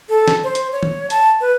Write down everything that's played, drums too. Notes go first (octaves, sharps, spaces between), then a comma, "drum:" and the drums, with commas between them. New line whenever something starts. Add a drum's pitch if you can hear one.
A4
drum: snare
C5
drum: hi-hat
C#5
drum: tom
A5, drum: hi-hat
B4